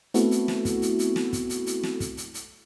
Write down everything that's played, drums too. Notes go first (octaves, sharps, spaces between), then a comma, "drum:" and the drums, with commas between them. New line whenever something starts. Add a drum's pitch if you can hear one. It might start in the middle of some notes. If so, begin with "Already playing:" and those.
A3 B3 C4 E4 F#4 A4, drum: hi-hat
drum: hi-hat
drum: snare
drum: kick, hi-hat
drum: hi-hat
drum: hi-hat
drum: snare
drum: kick, hi-hat
drum: hi-hat
drum: hi-hat
drum: snare
drum: kick, hi-hat
drum: hi-hat
drum: hi-hat